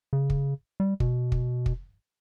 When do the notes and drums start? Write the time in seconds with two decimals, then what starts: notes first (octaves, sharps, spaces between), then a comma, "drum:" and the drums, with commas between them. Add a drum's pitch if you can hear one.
0.13 C#3
0.30 drum: kick
0.80 G3
1.00 B2, drum: kick
1.32 drum: kick
1.66 drum: kick